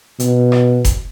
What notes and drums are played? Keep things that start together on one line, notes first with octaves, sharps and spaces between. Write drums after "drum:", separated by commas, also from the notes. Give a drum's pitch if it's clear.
B2, drum: hi-hat
drum: rim click
drum: kick F1, hi-hat